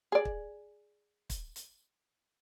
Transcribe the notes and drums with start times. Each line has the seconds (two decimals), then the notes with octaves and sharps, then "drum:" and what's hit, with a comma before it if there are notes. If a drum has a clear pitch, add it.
0.12 G#4 D5
0.25 drum: kick
1.30 drum: kick, hi-hat
1.56 drum: hi-hat